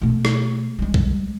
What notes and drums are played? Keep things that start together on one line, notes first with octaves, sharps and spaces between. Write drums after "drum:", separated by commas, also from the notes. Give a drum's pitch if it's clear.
B2 A3
drum: rim click
G3 G#3
drum: kick B1